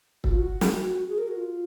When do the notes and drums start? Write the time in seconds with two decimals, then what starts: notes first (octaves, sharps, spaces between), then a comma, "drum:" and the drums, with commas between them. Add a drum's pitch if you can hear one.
0.24 F#4, drum: kick
0.31 F4
0.39 F#4
0.61 drum: snare
0.99 F#4
1.09 G#4
1.18 A#4
1.28 F#4
1.37 F4